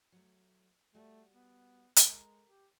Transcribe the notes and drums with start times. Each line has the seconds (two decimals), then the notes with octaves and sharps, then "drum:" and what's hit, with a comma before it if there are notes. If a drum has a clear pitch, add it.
0.12 F#3 A3
0.95 G3 A3 F#4
1.33 B3
1.96 G#3 A4 A#4 A#5, drum: hi-hat
2.48 G4